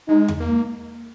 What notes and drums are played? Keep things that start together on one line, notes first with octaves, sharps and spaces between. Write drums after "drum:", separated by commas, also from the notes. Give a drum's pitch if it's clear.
G#3 D#4
drum: tom E2
A#3